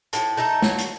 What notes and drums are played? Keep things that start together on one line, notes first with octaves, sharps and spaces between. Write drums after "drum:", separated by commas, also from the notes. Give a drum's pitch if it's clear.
A2 A5, drum: hi-hat
A3 D#4 A4
F#3, drum: snare
drum: hi-hat